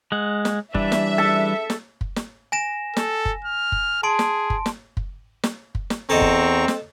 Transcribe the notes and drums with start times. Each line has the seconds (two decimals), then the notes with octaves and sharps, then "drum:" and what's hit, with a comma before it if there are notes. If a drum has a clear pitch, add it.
0.12 G#3 F#5
0.45 drum: snare
0.75 E3 G3 D4 E5, drum: kick
0.92 drum: snare
1.18 A4
1.70 drum: snare
2.01 drum: kick
2.16 drum: snare
2.52 G#5 A#6 E7
2.97 A4, drum: snare
3.25 drum: kick
3.45 F6
3.72 drum: kick
4.03 G#4 A5 C6 D7
4.19 drum: snare
4.50 drum: kick
4.66 drum: snare
4.97 drum: kick
5.44 drum: snare
5.75 drum: kick
5.90 drum: snare
6.10 E2 C4 A4 D#5 A#5 C#6
6.21 drum: kick
6.68 drum: snare